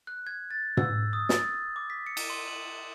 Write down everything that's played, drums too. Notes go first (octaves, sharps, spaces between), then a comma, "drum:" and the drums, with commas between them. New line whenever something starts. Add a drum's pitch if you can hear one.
F#6
G#6
A6
E6, drum: tom
D#6
A6, drum: snare
D6
B6
C#7
drum: cymbal
C6
F#7